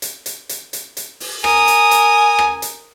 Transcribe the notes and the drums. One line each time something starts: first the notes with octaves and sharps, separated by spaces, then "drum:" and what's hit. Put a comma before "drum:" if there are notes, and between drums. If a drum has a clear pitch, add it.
drum: hi-hat
drum: hi-hat
drum: hi-hat
drum: hi-hat
drum: hi-hat
drum: open hi-hat
A#4 G#5 D#6, drum: rim click
drum: hi-hat
drum: hi-hat
drum: rim click
drum: hi-hat